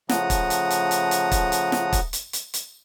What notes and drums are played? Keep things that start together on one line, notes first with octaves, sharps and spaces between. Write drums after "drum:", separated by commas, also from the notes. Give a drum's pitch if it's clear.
C#3 F3 A3 F#5 A#5 D#6, drum: snare
drum: kick, hi-hat
drum: hi-hat
drum: hi-hat
drum: hi-hat
drum: hi-hat
drum: kick, hi-hat
drum: hi-hat
drum: snare
drum: kick, hi-hat
drum: hi-hat
drum: hi-hat
drum: hi-hat